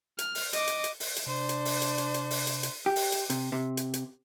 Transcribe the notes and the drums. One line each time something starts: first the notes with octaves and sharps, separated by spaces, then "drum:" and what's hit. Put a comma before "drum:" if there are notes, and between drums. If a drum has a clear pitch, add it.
F6, drum: hi-hat
drum: open hi-hat
D#5 D6, drum: hi-hat
drum: hi-hat
drum: hi-hat
drum: open hi-hat
drum: hi-hat
C3 D4 C5
drum: hi-hat
drum: open hi-hat
drum: hi-hat
drum: hi-hat
drum: hi-hat
drum: open hi-hat
drum: hi-hat
drum: hi-hat
G4
drum: open hi-hat
drum: hi-hat
C3, drum: hi-hat
C3
drum: hi-hat
drum: hi-hat